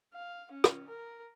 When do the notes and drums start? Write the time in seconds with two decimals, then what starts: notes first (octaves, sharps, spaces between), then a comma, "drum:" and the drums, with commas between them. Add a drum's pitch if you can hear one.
0.14 F5
0.51 C#4
0.64 drum: rim click
0.88 A#4